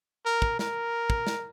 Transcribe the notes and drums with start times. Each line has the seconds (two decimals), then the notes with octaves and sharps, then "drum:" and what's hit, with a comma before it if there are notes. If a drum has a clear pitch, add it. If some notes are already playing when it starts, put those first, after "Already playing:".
0.26 A#4
0.42 drum: kick
0.59 A#4, drum: snare
1.10 drum: kick
1.27 drum: snare